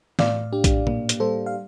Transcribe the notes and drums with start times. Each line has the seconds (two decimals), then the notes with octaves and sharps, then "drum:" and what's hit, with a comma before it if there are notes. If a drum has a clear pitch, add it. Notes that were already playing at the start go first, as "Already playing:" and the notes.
0.19 A2 D5 F5, drum: snare
0.53 D4 G4
0.64 drum: kick A#1, hi-hat
0.87 A#3, drum: tom A#2
1.09 drum: hi-hat
1.20 G3 A4 C5
1.46 F5